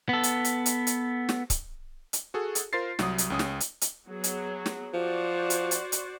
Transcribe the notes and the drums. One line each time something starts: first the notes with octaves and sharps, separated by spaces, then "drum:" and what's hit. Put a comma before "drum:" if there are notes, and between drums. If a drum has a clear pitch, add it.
B3 A4
drum: hi-hat
drum: hi-hat
drum: hi-hat
drum: hi-hat
drum: snare
drum: kick C#1, hi-hat
drum: hi-hat
F#4 G#4 A4
drum: hi-hat
F4 A#4 C5 C6 A6 C7
C2 F#3 D#6, drum: snare
drum: hi-hat
C#2 C#4 D#6
drum: snare
drum: hi-hat
drum: hi-hat
F#3 B3 G#4
drum: hi-hat
drum: snare
F3 F#4 C5 D5
drum: hi-hat
drum: hi-hat
drum: hi-hat